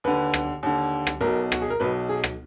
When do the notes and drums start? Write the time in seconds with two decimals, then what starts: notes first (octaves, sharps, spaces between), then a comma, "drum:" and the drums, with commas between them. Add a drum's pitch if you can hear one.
0.04 D#2 D3 B4
0.34 drum: rim click
0.63 D#2 D3
1.07 drum: rim click
1.21 B1 B2 A#4
1.52 F#4, drum: rim click
1.62 G#4
1.70 A#4
1.80 B1 B2 B4
2.09 G#4
2.24 drum: rim click